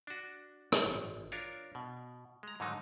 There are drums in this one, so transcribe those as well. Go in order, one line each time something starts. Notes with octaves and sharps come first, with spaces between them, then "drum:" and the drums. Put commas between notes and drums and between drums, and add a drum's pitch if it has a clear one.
D4 F#4
drum: rim click
G#1
D4 F4 A#4 C#5
B2
G#3 A#5
G#2 D3 D#3 F#3 D#4